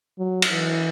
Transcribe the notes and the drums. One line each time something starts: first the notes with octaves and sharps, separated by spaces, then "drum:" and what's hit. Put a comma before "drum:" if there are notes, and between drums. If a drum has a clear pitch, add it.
F#3
drum: cymbal
E3